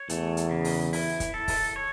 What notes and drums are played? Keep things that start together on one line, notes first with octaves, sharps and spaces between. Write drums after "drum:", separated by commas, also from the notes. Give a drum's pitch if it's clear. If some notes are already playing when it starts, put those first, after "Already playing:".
Already playing: C#5
E2 A3, drum: hi-hat
drum: hi-hat
C#3
drum: open hi-hat
E4, drum: open hi-hat
drum: kick, hi-hat
A4
drum: kick, open hi-hat
C#5